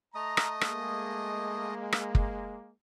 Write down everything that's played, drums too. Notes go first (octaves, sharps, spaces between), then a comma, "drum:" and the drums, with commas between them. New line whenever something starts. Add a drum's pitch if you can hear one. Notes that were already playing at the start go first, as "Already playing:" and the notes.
A3 D#5 A#5 D#6
drum: rim click
G#3 A#3, drum: rim click
drum: rim click
drum: kick